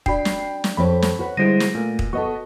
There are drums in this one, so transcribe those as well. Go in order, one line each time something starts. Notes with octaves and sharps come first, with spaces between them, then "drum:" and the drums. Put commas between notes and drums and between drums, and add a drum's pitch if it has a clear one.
D4 F#4 D5 G5 B5 C7, drum: kick
drum: snare
drum: snare
F2 C4 A4 C#5 B5
drum: snare
F#4 B4
D3 G3 G#3 E4 C5 A#6 D7 D#7
drum: snare
A#2 A3
drum: kick
B3 F#4 A4 B4 D#5 C#6